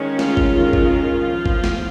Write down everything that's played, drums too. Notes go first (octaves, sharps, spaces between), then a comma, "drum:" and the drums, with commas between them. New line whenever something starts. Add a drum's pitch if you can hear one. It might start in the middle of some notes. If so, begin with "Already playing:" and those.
Already playing: D#3 G#3 C#4
F4, drum: snare
drum: kick G#1
D#3 G#3 C#4 F4
drum: kick G#1
F4
F3 B3
drum: kick G#1
drum: snare